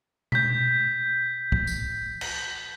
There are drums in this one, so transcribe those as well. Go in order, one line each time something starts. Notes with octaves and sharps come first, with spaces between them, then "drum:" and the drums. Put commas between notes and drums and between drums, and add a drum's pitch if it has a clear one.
G6 B6, drum: tom B2
drum: kick
drum: tambourine
drum: cymbal